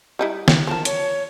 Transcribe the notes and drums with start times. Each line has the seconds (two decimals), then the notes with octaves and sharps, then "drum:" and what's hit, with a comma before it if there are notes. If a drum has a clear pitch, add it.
0.19 G3 D#4 E4
0.48 drum: snare
0.67 F3 A#4 A5
0.85 C#5, drum: hi-hat